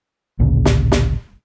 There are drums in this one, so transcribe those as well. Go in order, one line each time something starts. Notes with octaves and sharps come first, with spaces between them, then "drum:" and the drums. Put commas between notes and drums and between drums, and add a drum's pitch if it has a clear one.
A1 D2 A#2 C#3
drum: snare
drum: snare